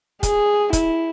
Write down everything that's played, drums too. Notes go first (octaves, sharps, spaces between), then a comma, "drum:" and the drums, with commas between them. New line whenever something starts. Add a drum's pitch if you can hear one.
G#4, drum: kick, hi-hat
E4, drum: kick, hi-hat